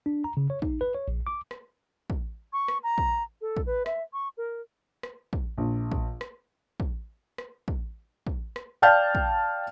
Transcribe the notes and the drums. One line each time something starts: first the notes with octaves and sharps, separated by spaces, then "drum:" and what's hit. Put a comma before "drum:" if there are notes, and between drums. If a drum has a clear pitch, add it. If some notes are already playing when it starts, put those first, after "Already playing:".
D4
A#5
C#3
C#5
D#4, drum: kick
B4
C#5
A#1
D6
drum: rim click
drum: kick
C#6
drum: rim click
A#5
drum: kick
A4
drum: kick
B4
E5, drum: rim click
C#6
A#4
drum: rim click
drum: kick
A#1
drum: kick
drum: rim click
drum: kick
drum: rim click
drum: kick
drum: kick
drum: rim click
D5 F5 G5 A5 F6 G6
drum: kick